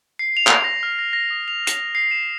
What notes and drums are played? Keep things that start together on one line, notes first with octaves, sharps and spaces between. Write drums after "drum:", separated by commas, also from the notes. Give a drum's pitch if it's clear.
C7
F7
drum: clap
A#6
F6
A#6
A#6
D#6
F7
F6, drum: hi-hat
C7
E7